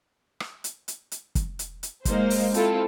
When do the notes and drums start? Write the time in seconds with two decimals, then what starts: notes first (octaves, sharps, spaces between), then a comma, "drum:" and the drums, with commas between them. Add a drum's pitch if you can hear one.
0.40 drum: rim click
0.64 drum: hi-hat
0.88 drum: hi-hat
1.12 drum: hi-hat
1.35 drum: kick, hi-hat
1.59 drum: hi-hat
1.83 drum: hi-hat
2.05 G#3 A#3 D#4 C5, drum: kick, hi-hat
2.30 drum: open hi-hat
2.54 C4 E4 F4 A4, drum: hi-hat